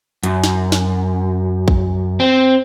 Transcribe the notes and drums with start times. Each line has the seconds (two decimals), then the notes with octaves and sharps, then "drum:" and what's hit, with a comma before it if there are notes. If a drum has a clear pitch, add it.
0.23 F#2, drum: hi-hat
0.44 drum: snare
0.72 drum: snare
1.68 drum: kick A#1
2.20 C4